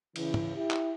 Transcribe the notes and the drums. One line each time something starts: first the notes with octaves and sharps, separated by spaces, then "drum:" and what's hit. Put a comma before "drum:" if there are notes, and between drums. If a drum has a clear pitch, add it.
C#3 E3, drum: cymbal
drum: tom
E4 G4
drum: clap